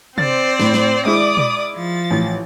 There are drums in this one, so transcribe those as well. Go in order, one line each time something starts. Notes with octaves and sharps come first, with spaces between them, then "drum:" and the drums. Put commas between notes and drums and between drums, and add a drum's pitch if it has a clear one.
C4 C5 D5 A6, drum: tom C3
A2, drum: snare
drum: snare
G#3 E4 D5 D6 D#6
drum: tom A#2
F3 A6
A1